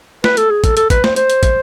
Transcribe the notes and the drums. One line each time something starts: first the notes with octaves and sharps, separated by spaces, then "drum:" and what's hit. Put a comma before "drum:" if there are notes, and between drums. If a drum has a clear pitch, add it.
B4, drum: snare
A4, drum: hi-hat
G#4
A4, drum: kick, hi-hat
A4, drum: hi-hat
B4, drum: kick, hi-hat
C5, drum: snare
C5, drum: hi-hat
drum: hi-hat
drum: kick, hi-hat